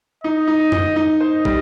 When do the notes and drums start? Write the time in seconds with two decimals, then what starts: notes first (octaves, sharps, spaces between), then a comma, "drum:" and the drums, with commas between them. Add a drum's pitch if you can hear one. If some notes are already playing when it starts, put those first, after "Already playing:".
0.24 D#4 D#5
0.48 D#4
0.72 D#4, drum: tom F2
0.96 D#4
1.20 C5 D#5
1.45 G3, drum: kick